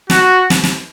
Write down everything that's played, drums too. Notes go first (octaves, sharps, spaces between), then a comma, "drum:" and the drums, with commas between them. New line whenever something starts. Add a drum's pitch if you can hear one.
F#4, drum: snare
drum: snare
drum: snare